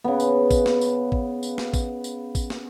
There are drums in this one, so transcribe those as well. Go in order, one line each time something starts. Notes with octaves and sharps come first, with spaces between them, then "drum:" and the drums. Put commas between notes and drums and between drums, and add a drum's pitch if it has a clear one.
C#3 B3
drum: tambourine
drum: kick A1, tambourine
drum: snare
drum: tambourine
drum: kick A1
drum: tambourine
drum: snare
drum: kick A1, tambourine
drum: tambourine
drum: kick A1, tambourine
drum: snare